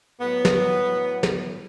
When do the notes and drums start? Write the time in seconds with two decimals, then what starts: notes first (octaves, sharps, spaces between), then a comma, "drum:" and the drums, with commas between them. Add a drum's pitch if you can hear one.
0.21 A2 F#3 B3
0.45 drum: snare
1.23 drum: snare